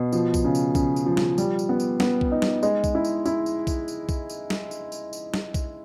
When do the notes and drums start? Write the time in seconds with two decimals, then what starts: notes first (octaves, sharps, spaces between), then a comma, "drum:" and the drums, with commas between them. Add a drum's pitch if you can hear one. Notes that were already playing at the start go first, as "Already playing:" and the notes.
Already playing: B2
0.13 F3, drum: tambourine
0.34 drum: kick B1, tambourine
0.44 C#3
0.55 drum: tambourine
0.75 C#3, drum: kick B1, tambourine
0.96 drum: tambourine
1.06 F3
1.17 drum: snare
1.38 G3, drum: tambourine
1.59 drum: tambourine
1.69 B3
1.80 drum: tambourine
2.00 B3, drum: snare
2.21 drum: kick B1
2.32 D#4
2.42 drum: snare
2.63 G#3, drum: tambourine
2.84 drum: kick B1, tambourine
2.95 E4
3.05 drum: tambourine
3.26 E4, drum: tambourine
3.46 drum: tambourine
3.67 drum: kick B1, tambourine
3.88 drum: tambourine
4.09 drum: kick B1, tambourine
4.29 drum: tambourine
4.50 drum: snare
4.71 drum: tambourine
4.92 drum: tambourine
5.13 drum: tambourine
5.34 drum: snare
5.54 drum: kick B1, tambourine